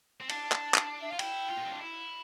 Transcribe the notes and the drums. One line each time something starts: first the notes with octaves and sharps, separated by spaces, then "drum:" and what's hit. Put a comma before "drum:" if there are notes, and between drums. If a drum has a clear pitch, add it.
C4
D4 A5, drum: cymbal
drum: clap
drum: clap
E5
F4 F5
E4 G5, drum: cymbal
F4
A#3
C4
D4
E4